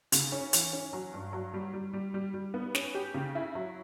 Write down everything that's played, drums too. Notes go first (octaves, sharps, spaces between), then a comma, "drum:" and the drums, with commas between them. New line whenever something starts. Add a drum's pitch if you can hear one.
C#3, drum: hi-hat
C#4
E3, drum: hi-hat
C#4
F#3
G2
F#3
G3
G3
G3
G3
G3
B3
C#4, drum: snare
G4
C#3
E4
F#3